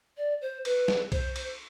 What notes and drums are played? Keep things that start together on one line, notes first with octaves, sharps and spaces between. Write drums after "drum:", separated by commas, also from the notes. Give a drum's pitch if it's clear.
D5
C5
B4, drum: cymbal
drum: snare
C5, drum: kick C2, cymbal
drum: cymbal